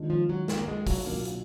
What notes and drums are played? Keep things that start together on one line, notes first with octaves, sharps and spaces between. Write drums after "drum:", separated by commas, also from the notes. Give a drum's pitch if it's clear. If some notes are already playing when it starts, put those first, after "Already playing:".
Already playing: D#2 D#3 G#3 D4 F4
F3
F#3
drum: snare
A#3
G#3
F#3, drum: kick, open hi-hat
B1 A#2 F#3 A#3 D4 F#4
drum: hi-hat